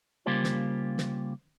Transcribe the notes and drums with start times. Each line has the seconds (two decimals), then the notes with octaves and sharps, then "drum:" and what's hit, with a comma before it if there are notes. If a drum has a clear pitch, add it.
0.26 C#3 G3 A#3 F4 G4 C5
0.44 drum: snare
0.98 drum: snare